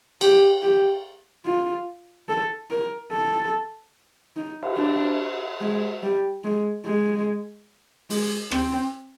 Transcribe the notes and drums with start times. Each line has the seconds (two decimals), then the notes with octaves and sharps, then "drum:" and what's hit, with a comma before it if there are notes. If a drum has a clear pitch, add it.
0.21 G4, drum: cymbal
0.62 G4
1.45 F4
2.29 A4
2.70 A#4
3.12 A4
4.36 D#4
4.63 drum: cymbal
4.77 D4
5.60 G#3
6.02 G3
6.44 G#3
6.85 G#3
8.10 G#3, drum: open hi-hat
8.51 C4, drum: rim click